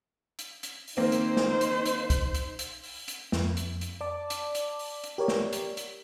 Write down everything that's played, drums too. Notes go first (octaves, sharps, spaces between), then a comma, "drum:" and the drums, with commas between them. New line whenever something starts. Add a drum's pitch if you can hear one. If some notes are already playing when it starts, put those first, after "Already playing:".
drum: hi-hat
drum: hi-hat
drum: open hi-hat
D#3 A#3 C4 D#4 C5
drum: hi-hat
drum: snare
drum: hi-hat
drum: hi-hat
drum: kick, hi-hat
drum: hi-hat
drum: hi-hat
drum: open hi-hat
drum: hi-hat
F2, drum: snare
drum: hi-hat
drum: hi-hat
D5 A5 D6
drum: hi-hat
drum: hi-hat
drum: open hi-hat
drum: hi-hat
G4 A#4 C#5 D5
drum: snare
drum: hi-hat
drum: hi-hat